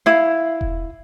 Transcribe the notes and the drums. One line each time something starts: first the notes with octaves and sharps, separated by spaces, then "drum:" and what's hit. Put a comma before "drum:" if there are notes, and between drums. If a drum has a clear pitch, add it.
E4 F5
drum: kick E1